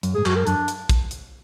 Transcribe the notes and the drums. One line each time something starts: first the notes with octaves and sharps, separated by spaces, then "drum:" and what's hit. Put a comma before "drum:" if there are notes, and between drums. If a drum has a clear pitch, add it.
F#2, drum: hi-hat
G#2 G#4
F#2 F#4, drum: clap
A#4
F#2 D4, drum: hi-hat
drum: hi-hat
drum: kick, hi-hat
drum: hi-hat